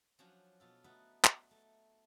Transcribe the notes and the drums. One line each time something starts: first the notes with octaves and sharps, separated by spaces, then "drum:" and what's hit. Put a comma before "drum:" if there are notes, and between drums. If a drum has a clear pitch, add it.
F3 F#3 C#4 D4 F4 F#4
B2 F4 A4
A3 B3 D#4 F#4 B4
drum: clap
A3